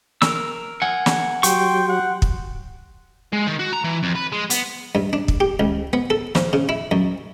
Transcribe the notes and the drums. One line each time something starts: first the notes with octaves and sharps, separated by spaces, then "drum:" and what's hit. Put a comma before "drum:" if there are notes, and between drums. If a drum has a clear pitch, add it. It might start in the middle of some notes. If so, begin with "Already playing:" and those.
A#4 E6, drum: snare
F#5 G#5
drum: snare
F#3 G4 G5 C6 C#6, drum: hi-hat
F#5
drum: kick
G#3
D#3
F#4
A#5
E3
F2
B4
G#3
B3, drum: hi-hat
G2
D4
drum: kick
G4
C#2
B3
A4
F3, drum: snare
C#3
E4
F#2